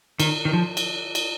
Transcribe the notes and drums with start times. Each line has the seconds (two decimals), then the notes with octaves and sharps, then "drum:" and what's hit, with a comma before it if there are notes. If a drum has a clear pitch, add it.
0.20 D#3, drum: cymbal
0.45 D#3
0.53 F3
0.77 drum: cymbal
1.15 drum: cymbal